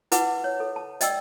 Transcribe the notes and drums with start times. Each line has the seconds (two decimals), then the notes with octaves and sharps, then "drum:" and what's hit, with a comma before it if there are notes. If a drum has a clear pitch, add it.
0.12 E4 B4 F#5 D6, drum: hi-hat
0.44 C#5
0.60 A4
0.76 A5
1.01 D5 D#5 G5 E6, drum: hi-hat